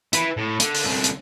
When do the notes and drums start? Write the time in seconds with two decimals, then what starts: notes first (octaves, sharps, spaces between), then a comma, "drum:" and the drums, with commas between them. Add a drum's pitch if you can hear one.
0.13 E4 B4, drum: hi-hat
0.37 A2
0.60 D3, drum: hi-hat
0.75 drum: open hi-hat
0.85 C2 D3
1.04 drum: hi-hat